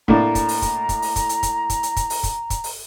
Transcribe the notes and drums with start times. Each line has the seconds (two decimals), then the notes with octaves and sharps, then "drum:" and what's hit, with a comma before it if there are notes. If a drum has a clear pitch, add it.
0.08 A2 A#3 D4 A#5, drum: kick
0.35 drum: kick, hi-hat
0.49 drum: open hi-hat
0.62 drum: kick, hi-hat
0.89 drum: kick, hi-hat
1.02 drum: open hi-hat
1.16 drum: kick, hi-hat
1.29 drum: hi-hat
1.43 drum: kick, hi-hat
1.70 drum: kick, hi-hat
1.83 drum: hi-hat
1.96 drum: kick, hi-hat
2.10 drum: open hi-hat
2.23 drum: kick, hi-hat
2.50 drum: kick, hi-hat
2.64 drum: open hi-hat